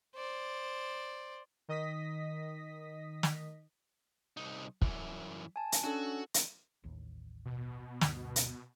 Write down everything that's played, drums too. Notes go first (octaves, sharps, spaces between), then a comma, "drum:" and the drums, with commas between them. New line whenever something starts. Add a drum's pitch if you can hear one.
C5 D5
D#3 D#5 D#6 A#6 B6
drum: snare
C2 D#4
F#2 E3, drum: kick
G#5 A5
drum: hi-hat
C#4 D4 F#4 A4
drum: hi-hat
A1 D#2
B2
D2 G2, drum: snare
drum: hi-hat